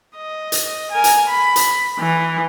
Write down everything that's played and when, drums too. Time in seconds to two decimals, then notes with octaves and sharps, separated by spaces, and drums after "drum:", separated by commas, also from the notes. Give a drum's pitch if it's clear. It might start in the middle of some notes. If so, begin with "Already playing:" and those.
0.17 D#5
0.52 drum: hi-hat
0.91 A#4 G#5
1.04 drum: hi-hat
1.30 B5
1.56 drum: hi-hat
1.99 E3